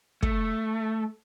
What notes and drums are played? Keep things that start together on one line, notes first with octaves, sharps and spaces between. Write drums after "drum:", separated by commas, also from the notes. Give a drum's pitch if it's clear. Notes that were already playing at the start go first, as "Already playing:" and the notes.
A3, drum: kick